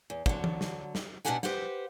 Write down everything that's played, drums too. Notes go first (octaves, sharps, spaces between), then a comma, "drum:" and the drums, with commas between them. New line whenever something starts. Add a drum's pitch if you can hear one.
E2
D3 F#3, drum: kick
drum: tom E3
drum: snare
drum: snare
B2 F3 D4 G4 F#5 G#5
G4 B4 C5 F#5, drum: snare